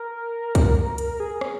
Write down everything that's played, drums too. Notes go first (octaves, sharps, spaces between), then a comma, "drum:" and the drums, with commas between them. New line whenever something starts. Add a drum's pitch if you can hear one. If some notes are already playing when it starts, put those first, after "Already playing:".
Already playing: A#4
drum: kick C2, hi-hat
drum: hi-hat
G#4
drum: rim click